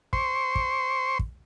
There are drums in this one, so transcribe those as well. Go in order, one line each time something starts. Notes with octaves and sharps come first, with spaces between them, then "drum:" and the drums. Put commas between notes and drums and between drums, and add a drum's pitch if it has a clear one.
C5 C6 C#6, drum: kick
drum: kick
drum: kick